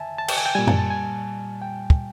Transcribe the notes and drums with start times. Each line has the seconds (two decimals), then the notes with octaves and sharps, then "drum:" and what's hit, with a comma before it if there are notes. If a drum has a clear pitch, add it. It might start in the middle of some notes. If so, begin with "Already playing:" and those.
Already playing: E5 G#5 A5
0.18 A5
0.28 G5, drum: cymbal
0.37 G#5
0.46 G5
0.55 A#2 G3 G#5
0.67 A5, drum: tom F#2
0.79 A5
0.90 G#5
1.62 G5
1.90 drum: kick